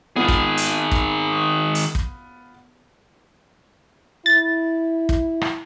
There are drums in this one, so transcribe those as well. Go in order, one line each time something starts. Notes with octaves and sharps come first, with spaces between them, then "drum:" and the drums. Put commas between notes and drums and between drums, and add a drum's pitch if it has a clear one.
D#3 B3 F4 G#4
drum: kick
drum: hi-hat
drum: kick
drum: hi-hat
drum: kick
E4 A6
drum: kick
drum: rim click